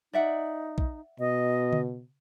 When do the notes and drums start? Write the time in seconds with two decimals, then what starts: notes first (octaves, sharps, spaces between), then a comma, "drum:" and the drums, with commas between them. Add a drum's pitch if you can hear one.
0.13 D#4 D5 E5 F#5
0.78 drum: kick
1.20 B2 D#5
1.73 drum: tom C#3